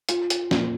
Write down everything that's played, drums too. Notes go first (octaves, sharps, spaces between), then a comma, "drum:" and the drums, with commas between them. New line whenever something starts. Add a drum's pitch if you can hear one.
F4, drum: hi-hat
drum: hi-hat
A#2, drum: snare